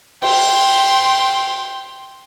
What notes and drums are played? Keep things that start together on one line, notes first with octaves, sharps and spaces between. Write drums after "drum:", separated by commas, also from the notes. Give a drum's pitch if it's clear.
G5 C6, drum: cymbal